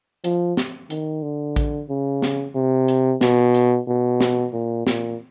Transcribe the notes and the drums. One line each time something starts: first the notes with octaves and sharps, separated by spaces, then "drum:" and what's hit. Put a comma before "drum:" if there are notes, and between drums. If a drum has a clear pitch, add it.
F3, drum: hi-hat
drum: snare
D#3, drum: hi-hat
D3
drum: kick A1, hi-hat
C#3
drum: snare
C3
drum: hi-hat
B2, drum: snare
drum: hi-hat
B2
drum: snare
A#2
A#2, drum: snare